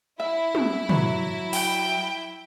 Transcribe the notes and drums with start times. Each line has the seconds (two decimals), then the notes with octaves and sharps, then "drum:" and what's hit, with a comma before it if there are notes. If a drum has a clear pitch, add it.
0.20 E4 E5
0.55 drum: tom
0.89 F#3, drum: tom
1.53 G5, drum: open hi-hat